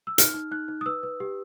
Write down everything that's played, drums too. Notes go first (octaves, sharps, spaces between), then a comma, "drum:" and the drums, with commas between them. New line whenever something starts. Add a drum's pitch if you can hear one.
E6
D#4 F6, drum: hi-hat
D#4
D#4 F#6
D#4
D#6
B4 E6
B4
G4